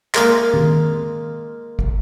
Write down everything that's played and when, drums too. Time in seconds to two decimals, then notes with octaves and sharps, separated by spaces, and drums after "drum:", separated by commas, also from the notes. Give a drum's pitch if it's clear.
0.15 G#3 A#3 F4 D#5 F5, drum: clap
0.54 drum: tom D#3
1.79 drum: kick